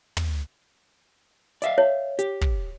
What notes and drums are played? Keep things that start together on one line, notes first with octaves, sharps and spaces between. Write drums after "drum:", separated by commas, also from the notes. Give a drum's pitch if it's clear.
drum: tom
D5 E5 F5, drum: hi-hat
C#5
G4, drum: hi-hat
drum: kick